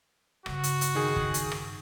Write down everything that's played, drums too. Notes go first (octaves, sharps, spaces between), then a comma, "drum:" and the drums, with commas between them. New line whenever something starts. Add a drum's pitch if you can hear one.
G2 C#3 F#4, drum: rim click
drum: hi-hat
drum: hi-hat
D#3 G#4
drum: kick
drum: hi-hat
drum: rim click